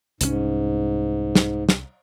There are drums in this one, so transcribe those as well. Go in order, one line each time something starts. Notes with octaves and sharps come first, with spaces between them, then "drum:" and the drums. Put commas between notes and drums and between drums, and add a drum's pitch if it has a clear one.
C2 G#2 F#3 C#4, drum: hi-hat
drum: snare
drum: snare